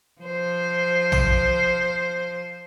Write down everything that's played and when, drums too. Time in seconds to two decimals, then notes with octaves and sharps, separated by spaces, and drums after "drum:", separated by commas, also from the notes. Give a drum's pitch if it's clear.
0.22 F3 C5
1.12 drum: tom A#1